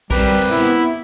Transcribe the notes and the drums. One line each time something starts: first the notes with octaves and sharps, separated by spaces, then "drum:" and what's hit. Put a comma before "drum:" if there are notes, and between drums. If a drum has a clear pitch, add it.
G3 C4 G4 A#4 B4, drum: kick A#1
B3 E4